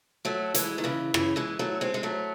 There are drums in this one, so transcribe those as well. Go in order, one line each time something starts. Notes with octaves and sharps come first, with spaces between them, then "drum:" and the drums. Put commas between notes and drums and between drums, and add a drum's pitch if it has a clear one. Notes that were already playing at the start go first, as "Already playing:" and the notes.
F#3 A3
E3 G#3, drum: hi-hat
D#3
C#3 E3
C#3 E3, drum: rim click
E3 G#3
F#3 A3
G#3 C4
G#3
F#3 A3